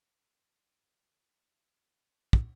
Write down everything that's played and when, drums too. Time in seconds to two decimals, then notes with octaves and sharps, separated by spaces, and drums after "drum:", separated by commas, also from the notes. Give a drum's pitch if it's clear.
0.23 C#5 A#5 C6 E6
2.33 drum: kick